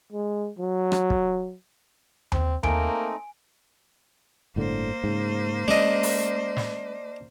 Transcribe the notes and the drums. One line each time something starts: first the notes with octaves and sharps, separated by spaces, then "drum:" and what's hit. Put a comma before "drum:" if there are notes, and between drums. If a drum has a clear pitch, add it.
G#3
F#3
drum: rim click
drum: kick
C4, drum: tom D#2
A3 A#3 C4 D#4 G#5 D7, drum: tom D#2
G1 A2 D3 A#3 C5
G#2 C#3
G#3 C#4 D4 D#5
drum: open hi-hat
drum: snare